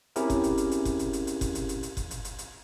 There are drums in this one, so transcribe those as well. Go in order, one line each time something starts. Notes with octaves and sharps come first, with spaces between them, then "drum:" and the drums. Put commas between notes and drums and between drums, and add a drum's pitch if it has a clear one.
C4 C#4 E4 G4 G#4 A#4, drum: hi-hat
drum: kick F#1, hi-hat
drum: hi-hat
drum: hi-hat
drum: hi-hat
drum: kick F#1, hi-hat
drum: hi-hat
drum: hi-hat
drum: hi-hat
drum: kick F#1, hi-hat
drum: hi-hat
drum: hi-hat
drum: hi-hat
drum: kick F#1, hi-hat
drum: hi-hat
drum: hi-hat
drum: hi-hat